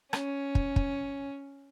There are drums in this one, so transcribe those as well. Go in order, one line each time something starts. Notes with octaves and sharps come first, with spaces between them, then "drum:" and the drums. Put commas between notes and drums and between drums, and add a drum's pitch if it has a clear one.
C#4, drum: rim click
drum: kick
drum: kick